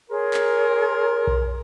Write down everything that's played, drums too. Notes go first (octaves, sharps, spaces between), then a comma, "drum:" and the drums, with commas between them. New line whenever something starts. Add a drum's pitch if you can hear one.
G#4 A#4 C#5 C6
drum: clap
drum: kick B1